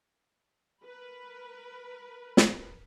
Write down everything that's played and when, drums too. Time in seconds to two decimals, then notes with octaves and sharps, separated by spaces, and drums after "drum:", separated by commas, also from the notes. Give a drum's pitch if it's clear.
0.83 A#4 B4 B5
2.37 drum: snare